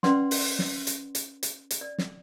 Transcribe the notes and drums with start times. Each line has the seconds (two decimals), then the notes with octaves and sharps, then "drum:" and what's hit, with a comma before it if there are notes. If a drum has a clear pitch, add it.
0.03 C#4 B4 D5 F#5 C6, drum: snare
0.31 drum: open hi-hat
0.59 drum: snare
0.87 drum: hi-hat
1.15 drum: hi-hat
1.43 drum: hi-hat
1.71 drum: hi-hat
1.81 D5
1.98 drum: snare